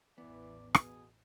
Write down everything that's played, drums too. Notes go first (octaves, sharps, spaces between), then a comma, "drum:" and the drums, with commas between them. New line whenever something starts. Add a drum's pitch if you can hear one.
A1 E2 E3 B3 D5
B2 G#4, drum: rim click